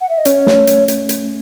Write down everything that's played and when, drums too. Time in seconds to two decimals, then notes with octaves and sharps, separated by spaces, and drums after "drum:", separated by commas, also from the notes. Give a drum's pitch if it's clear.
0.01 F#5
0.09 E5
0.18 D#5
0.25 C#4 C#5, drum: hi-hat
0.47 A3, drum: snare
0.67 drum: hi-hat
0.88 drum: hi-hat
1.09 drum: hi-hat